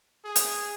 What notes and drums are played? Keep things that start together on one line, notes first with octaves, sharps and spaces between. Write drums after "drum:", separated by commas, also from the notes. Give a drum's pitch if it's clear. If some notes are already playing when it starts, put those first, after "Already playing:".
G#4
drum: hi-hat